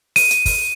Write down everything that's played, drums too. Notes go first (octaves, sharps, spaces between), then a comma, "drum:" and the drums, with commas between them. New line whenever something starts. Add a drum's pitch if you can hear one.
D#7, drum: open hi-hat
drum: hi-hat
drum: kick, open hi-hat